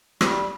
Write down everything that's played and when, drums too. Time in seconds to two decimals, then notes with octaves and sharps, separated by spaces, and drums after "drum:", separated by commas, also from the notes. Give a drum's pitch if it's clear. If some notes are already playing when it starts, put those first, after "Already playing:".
0.21 G3, drum: rim click